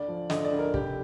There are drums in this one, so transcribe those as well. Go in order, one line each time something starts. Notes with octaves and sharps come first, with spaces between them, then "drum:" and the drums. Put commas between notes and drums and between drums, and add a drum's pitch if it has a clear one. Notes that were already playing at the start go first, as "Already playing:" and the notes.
Already playing: D2 D5
F3
D3 D#5, drum: snare
D5
D2
A#4
F1 G4, drum: kick